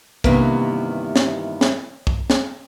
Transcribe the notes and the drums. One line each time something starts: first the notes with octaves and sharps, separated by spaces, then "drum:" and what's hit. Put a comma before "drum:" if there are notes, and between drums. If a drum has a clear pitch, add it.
G2 C3 D#3 E3 A#3 B3, drum: kick
drum: snare
drum: snare
drum: kick
drum: snare